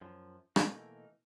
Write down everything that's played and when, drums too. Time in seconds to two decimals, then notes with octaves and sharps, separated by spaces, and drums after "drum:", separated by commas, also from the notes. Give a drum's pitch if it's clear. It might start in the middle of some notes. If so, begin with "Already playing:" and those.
0.01 F#2 F3
0.56 B2 E3 A3 A#3 D#4, drum: rim click